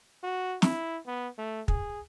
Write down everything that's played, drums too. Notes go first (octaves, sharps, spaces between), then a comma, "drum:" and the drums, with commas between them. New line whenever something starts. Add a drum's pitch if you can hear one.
F#4
E4, drum: snare
B3
A3
G#4, drum: kick